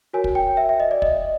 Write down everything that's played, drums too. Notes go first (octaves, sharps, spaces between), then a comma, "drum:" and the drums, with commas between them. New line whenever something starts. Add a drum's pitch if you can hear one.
F#4 A#4 C#5 G#5
drum: kick
G5
E5
E5
D#5
D5
D#5, drum: kick